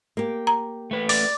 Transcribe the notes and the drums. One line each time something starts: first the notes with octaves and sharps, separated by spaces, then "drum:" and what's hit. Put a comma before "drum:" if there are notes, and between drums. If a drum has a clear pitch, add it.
A#3 G4
A#5
A3 B4
D5, drum: open hi-hat